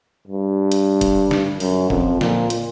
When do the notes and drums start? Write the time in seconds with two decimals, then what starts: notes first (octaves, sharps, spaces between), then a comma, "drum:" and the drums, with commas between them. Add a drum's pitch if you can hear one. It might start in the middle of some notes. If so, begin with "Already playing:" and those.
0.28 G2
0.72 drum: hi-hat
1.01 drum: kick, hi-hat
1.31 drum: snare
1.60 F#2, drum: open hi-hat
1.90 F2, drum: kick
2.21 A#2, drum: snare
2.50 drum: hi-hat